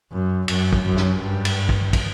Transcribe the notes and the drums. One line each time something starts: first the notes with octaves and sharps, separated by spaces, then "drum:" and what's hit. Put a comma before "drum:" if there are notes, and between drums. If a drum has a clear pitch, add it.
F#2
F#2, drum: cymbal
drum: kick
F#2
drum: snare
G2
drum: cymbal
drum: kick
drum: kick, cymbal